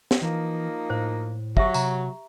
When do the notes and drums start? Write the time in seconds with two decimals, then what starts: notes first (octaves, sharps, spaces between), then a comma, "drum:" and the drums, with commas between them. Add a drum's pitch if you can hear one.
0.11 drum: snare
0.21 E3 F3 A#3 D#4
0.90 A2 C5
1.57 G1 F#3 G4 E5, drum: kick
1.74 C3 A#5, drum: tambourine